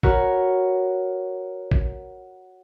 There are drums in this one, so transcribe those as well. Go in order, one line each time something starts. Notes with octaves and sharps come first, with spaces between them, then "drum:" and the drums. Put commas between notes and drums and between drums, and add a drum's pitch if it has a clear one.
F#4 A#4 B4 C#5, drum: kick A1
drum: kick A1